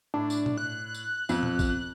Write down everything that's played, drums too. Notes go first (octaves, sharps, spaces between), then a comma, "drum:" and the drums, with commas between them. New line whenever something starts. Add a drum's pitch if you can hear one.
A2 D4
drum: tambourine
drum: tom A#2
F#6
drum: tambourine
F2, drum: tambourine
drum: tom A#2
drum: kick A#1, tambourine